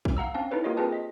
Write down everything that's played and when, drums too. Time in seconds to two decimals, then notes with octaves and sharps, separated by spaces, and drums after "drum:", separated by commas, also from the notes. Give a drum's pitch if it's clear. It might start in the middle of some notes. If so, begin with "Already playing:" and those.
0.05 drum: kick
0.17 F5 F#5 A#5 E6
0.34 C4 C#4 F5 A5
0.51 D#4 E4 A4 B4 C#5
0.64 A#3 F4 G4 A#4 C#5 D#5
0.77 C4 F4 G#4 A#4 B4 A5
0.92 D#5 B6